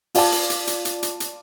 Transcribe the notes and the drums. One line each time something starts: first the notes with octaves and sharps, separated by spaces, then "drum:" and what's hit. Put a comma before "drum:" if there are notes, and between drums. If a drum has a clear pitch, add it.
F4 D5 F5 A5 D6, drum: open hi-hat
drum: hi-hat
drum: hi-hat
drum: hi-hat
drum: hi-hat
drum: hi-hat
drum: hi-hat